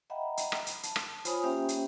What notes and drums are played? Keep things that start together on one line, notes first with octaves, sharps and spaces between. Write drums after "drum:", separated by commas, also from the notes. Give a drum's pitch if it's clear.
D#5 E5 F#5 G5 A#5 B5
drum: hi-hat
drum: rim click
drum: hi-hat
A5, drum: hi-hat
drum: rim click
F4 C5 C#5 G#5 B5 D#6, drum: hi-hat
A#3 C#4 G4 C5 E5 G5
drum: hi-hat